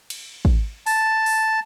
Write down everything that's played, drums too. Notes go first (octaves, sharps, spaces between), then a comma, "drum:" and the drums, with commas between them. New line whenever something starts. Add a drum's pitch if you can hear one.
drum: cymbal
drum: kick
A5, drum: open hi-hat
drum: open hi-hat